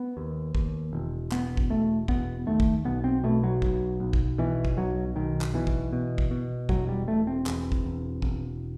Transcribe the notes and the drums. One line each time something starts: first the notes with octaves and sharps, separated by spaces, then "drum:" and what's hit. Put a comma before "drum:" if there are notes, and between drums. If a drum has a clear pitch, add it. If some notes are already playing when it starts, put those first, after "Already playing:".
Already playing: B3
D#2
D#2, drum: kick
E1
E1 B3, drum: clap
drum: kick
E1 A3
E1 B3, drum: kick
D#2 A3
drum: kick
B1 B3
C4
B2 A3
F#3
B1, drum: kick
B1
drum: kick
B2 E3
drum: kick
B1 F#3
B1 D#3
drum: clap
B2 E3
drum: kick
B2
drum: kick
B2
E1 F#3, drum: kick
G3
E1 A3
C4
E2, drum: clap
drum: kick
E1
E1, drum: kick